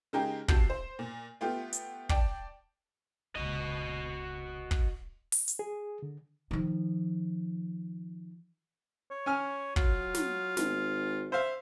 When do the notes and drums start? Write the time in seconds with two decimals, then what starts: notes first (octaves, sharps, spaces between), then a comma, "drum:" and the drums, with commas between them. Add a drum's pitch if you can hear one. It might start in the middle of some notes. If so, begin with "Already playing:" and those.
0.13 C#3 G#3 D#4 G4 G#4 A#4
0.48 C3 F#4 A5 G6 C7, drum: kick
0.70 C5
0.99 A#2
1.41 A3 B3 F4 G4
1.73 drum: hi-hat
2.09 D5 G5 A5, drum: kick
3.36 D#1 C#2 F#4 D#5
4.71 drum: kick
5.32 drum: open hi-hat
5.48 drum: hi-hat
5.59 G#4
6.03 D3
6.51 D#3 F3
9.11 C#5
9.26 C#4 G#5 F6
9.76 F#3 F4, drum: kick
10.15 drum: snare
10.57 G#1, drum: snare
11.32 C5 E5 F5